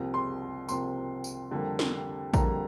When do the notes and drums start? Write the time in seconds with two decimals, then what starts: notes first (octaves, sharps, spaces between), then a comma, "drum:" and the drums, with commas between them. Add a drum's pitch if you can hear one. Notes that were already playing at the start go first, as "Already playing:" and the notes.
Already playing: C2 C3 F3 A#3
0.14 C6
0.69 C2 C3 F3 A#3 C6, drum: tambourine
1.24 drum: tambourine
1.51 F2 D3 G3 A#3
1.79 drum: snare
2.34 F2 D3 G3 A#3 A#5, drum: kick A#1, tambourine